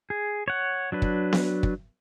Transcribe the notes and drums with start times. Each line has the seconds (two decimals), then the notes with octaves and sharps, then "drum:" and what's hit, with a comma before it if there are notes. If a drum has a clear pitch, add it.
0.10 G#4
0.48 C#5 F#5
0.92 F#3 D4 B4
1.02 drum: kick
1.33 drum: snare B3
1.63 drum: kick